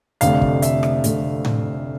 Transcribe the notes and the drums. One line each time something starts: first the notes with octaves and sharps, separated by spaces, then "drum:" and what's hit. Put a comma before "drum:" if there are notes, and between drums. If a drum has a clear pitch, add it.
F1 F2 D3 A3 F5, drum: hi-hat
drum: kick
E5, drum: hi-hat
drum: rim click
F1 F2 D3 A3, drum: hi-hat
drum: tom A2